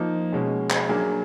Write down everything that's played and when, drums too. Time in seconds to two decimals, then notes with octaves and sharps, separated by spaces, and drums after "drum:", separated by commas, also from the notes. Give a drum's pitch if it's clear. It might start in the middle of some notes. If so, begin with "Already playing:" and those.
Already playing: F3 A#3 D#4
0.32 B2 G#3 C#4
0.70 drum: clap
0.89 F#3 A#3 D4 G#4